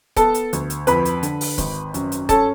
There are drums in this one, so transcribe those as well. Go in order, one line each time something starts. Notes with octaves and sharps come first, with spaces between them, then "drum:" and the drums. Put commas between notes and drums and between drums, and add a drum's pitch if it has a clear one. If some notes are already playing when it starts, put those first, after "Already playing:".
B3 A4 A5, drum: kick C#1, hi-hat
drum: hi-hat
D2, drum: hi-hat
drum: hi-hat
F2 B4 B5, drum: hi-hat
drum: hi-hat
D3, drum: hi-hat
drum: open hi-hat
G#1, drum: kick C#1, hi-hat
F#2, drum: hi-hat
drum: hi-hat
C#4 A4 A5, drum: kick C#1, hi-hat